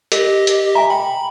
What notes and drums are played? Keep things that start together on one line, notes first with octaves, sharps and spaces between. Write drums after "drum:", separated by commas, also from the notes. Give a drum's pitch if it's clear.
G4 A#4 D#5, drum: hi-hat
drum: hi-hat
E5 G#5 A#5
G5 B5